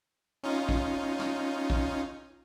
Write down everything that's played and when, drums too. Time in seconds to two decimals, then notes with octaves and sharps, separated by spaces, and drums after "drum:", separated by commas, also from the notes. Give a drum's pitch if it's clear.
0.43 C#4 D#4 F4
0.69 drum: kick
1.19 drum: snare
1.70 drum: kick